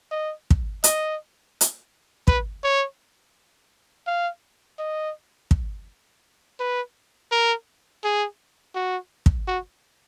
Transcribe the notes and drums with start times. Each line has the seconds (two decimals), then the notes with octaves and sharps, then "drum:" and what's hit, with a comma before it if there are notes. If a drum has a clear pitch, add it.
0.11 D#5
0.50 drum: kick
0.84 D#5, drum: hi-hat
1.61 drum: hi-hat
2.27 B4, drum: kick
2.64 C#5
4.07 F5
4.79 D#5
5.51 drum: kick
6.59 B4
7.31 A#4
8.04 G#4
8.75 F#4
9.26 drum: kick
9.47 F#4